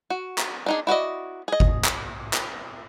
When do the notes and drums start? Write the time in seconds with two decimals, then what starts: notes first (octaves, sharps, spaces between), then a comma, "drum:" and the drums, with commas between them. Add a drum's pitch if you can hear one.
0.10 F#4
0.38 drum: clap
0.66 D4 D#4 G#4
0.87 E4 F#4 D5 D#5
1.48 G#4 D#5
1.60 drum: kick G1
1.85 drum: clap
2.33 drum: clap